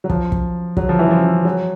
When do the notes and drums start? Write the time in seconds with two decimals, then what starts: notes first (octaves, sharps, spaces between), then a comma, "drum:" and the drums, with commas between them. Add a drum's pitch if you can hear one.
0.04 F#3
0.09 F3, drum: kick
0.32 drum: kick
0.77 F#3, drum: kick
0.89 F3
0.99 E3
1.11 F3
1.45 F#3